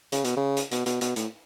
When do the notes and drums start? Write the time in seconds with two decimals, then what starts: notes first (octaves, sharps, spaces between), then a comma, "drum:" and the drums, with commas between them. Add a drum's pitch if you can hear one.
0.12 C#3, drum: hi-hat
0.24 B2, drum: hi-hat
0.37 C#3
0.57 drum: hi-hat
0.71 B2, drum: hi-hat
0.86 B2, drum: hi-hat
1.01 B2, drum: hi-hat
1.16 A2, drum: hi-hat